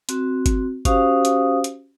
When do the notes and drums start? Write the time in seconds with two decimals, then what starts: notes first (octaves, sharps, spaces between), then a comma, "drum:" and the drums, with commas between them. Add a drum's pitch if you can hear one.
0.09 C4 F#4, drum: hi-hat
0.46 drum: kick G1, hi-hat
0.85 C#4 F#4 G4 C5 F5 D#6, drum: kick G1, hi-hat
1.25 drum: hi-hat
1.64 drum: hi-hat